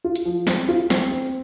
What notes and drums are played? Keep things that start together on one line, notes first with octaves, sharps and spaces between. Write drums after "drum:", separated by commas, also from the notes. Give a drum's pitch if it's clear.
F4
drum: hi-hat
F3
C4, drum: snare
F4
C4, drum: snare
C4